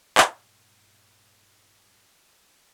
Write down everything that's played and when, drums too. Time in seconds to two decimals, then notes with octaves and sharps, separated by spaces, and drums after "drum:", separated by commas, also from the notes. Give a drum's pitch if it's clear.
0.18 G2 A#2, drum: clap